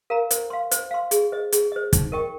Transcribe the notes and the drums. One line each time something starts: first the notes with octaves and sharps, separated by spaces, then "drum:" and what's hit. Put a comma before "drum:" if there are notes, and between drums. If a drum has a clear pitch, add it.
A#4 F5 A#5
C5, drum: hi-hat
F5 C6
C5, drum: hi-hat
F5 C6
G#4, drum: hi-hat
C5 D#5
G#4, drum: hi-hat
C5 D#5
D#4, drum: kick, hi-hat
A#4 D#5 G5 C#6